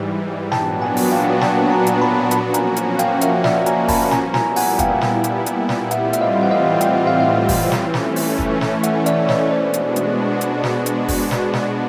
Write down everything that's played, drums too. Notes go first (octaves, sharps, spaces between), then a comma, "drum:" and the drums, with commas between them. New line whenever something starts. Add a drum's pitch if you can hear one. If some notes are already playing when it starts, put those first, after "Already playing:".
Already playing: G#2 E3 G3
A#2 F#3 B3 D4 F#4 G5 A5, drum: snare
F#5 G#5
drum: open hi-hat
F5 G5
G5 A5, drum: snare
G#5 A#5
drum: hi-hat
A5 B5
F3 A#3 C#4 F#4 A5 B5, drum: hi-hat
G#5 A#5, drum: hi-hat
drum: hi-hat
F5 G5, drum: hi-hat
E5 F#5, drum: hi-hat
D5 E5, drum: snare
G#5 A#5, drum: hi-hat
A5 B5, drum: kick, open hi-hat
A#2 G3 B3 E4 G#5 A#5, drum: snare
G#5 A#5, drum: snare
F#5 G#5, drum: open hi-hat
F5 G5, drum: kick, hi-hat
drum: snare
drum: hi-hat
drum: hi-hat
drum: snare
A2 E3 G3 C4 F4 E5 F#5, drum: hi-hat
E5, drum: hi-hat
D#5 F5
F#5
D#5 F5
G5, drum: hi-hat
F#5
F5
E5 F#5
drum: kick, open hi-hat
E3 A3 C#4, drum: snare
drum: snare
drum: open hi-hat
drum: kick
drum: snare
E5 F#5, drum: hi-hat
D5 E5, drum: hi-hat
C#5 D#5, drum: snare
B2 G#3 B3 D4 F#4 C5 D5
drum: hi-hat
drum: hi-hat
drum: hi-hat
drum: snare
drum: hi-hat
drum: kick, open hi-hat
drum: snare
drum: snare